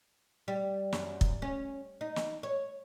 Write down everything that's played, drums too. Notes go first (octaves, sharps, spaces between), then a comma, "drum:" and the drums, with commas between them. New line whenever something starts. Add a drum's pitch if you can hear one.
G3
F#2, drum: snare
drum: kick
C#4
D#4
drum: snare
C#5